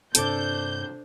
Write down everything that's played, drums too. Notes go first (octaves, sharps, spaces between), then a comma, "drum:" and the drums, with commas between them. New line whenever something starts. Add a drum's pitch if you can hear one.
G2 C3 C4 D4 A4 C5 D5 G6, drum: hi-hat